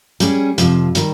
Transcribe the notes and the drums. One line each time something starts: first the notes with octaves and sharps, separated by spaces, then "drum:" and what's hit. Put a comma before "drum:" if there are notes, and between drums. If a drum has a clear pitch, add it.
G3 C#4 G#4, drum: hi-hat
F2 C3 F3, drum: hi-hat
D#3 G3, drum: hi-hat